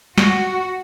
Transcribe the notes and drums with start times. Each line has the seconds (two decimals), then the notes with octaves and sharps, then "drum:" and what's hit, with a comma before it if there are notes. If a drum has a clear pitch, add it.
0.18 F#4, drum: snare